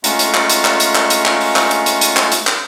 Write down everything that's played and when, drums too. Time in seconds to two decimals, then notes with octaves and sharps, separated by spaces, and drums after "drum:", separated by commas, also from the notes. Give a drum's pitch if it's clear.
0.04 G#3 A3 C#4 F4 F#5 A#5, drum: hi-hat
0.19 drum: hi-hat
0.34 drum: clap
0.50 drum: hi-hat
0.65 drum: clap
0.80 drum: hi-hat
0.95 drum: clap
1.10 drum: hi-hat
1.25 drum: clap
1.41 drum: open hi-hat
1.56 drum: clap
1.71 drum: hi-hat
1.86 drum: hi-hat
2.01 drum: hi-hat
2.17 drum: clap
2.32 drum: hi-hat
2.47 drum: clap